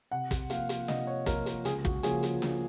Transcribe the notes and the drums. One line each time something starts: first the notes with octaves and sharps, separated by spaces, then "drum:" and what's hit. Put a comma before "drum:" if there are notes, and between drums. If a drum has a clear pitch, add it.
C3 F#5
drum: kick, hi-hat
F3 A#3 F5, drum: hi-hat
drum: hi-hat
C3 D#5, drum: snare
C#5
F3 A#3 A#4, drum: kick, hi-hat
A#4, drum: hi-hat
C#2 G#4, drum: hi-hat
F#4, drum: kick
C#3 F3 A#3 C#4 G#4, drum: hi-hat
drum: hi-hat
drum: snare